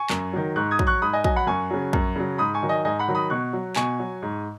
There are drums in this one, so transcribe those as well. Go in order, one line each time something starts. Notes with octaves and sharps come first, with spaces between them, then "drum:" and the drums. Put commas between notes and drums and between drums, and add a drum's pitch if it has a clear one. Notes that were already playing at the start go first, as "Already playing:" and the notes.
Already playing: G#5 C#6
F#2, drum: clap
D#3 F#3
G#2 C#6 F#6
D#6 G#6
F#3, drum: kick
C#6 F#6
G#2 B5 D#6
D#5 G#5
F#3 D#5 G#5, drum: kick
F#5 B5
F#2 G#5 C#6
C#3 F#3
F#2, drum: kick
C#3 F#3
G#2 B5 D#6
G#5 C#6
D#3 F#3
D#5 G#5
G#2 D#5 G#5
F#5 B5
D#3 F#3
B5 D#6
B2 C#6 F#6
F#3
B2 G#5 C#6, drum: clap
F#3
G#2